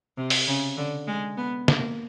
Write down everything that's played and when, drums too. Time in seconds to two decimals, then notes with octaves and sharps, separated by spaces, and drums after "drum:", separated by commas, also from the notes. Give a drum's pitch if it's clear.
0.17 C3
0.30 drum: open hi-hat
0.47 C#3
0.77 D3
1.07 G#3
1.37 B3
1.68 A#3, drum: snare